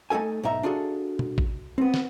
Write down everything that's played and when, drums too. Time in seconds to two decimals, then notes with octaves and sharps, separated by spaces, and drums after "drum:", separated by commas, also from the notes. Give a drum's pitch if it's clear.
0.10 A3 D#4 E4 A4 G#5
0.43 B1 G#2 D#4 E5 A#5
0.63 D4 F4 F#4 G#4 A4
1.19 drum: tom B2
1.38 drum: kick
1.78 B3 C4
1.94 drum: snare